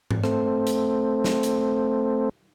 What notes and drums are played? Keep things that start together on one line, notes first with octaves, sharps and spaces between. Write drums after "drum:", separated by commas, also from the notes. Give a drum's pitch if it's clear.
drum: tom G#2
A3 C4, drum: rim click
drum: hi-hat
drum: snare
drum: hi-hat